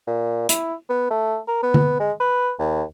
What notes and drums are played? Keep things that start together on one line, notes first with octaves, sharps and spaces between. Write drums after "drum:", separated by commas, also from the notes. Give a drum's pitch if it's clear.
A#2
E4, drum: hi-hat
B3
A3
A#4
B3
drum: tom D3
G#3
B4
D#2